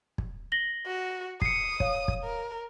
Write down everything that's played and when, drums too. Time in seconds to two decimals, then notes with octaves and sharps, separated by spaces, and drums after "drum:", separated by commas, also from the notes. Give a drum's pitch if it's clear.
0.18 drum: kick
0.52 A#6 F#7 G7
0.86 F#4
1.42 D#6 C7 C#7, drum: kick
1.80 C#5 F5, drum: kick
2.08 drum: kick
2.24 A#4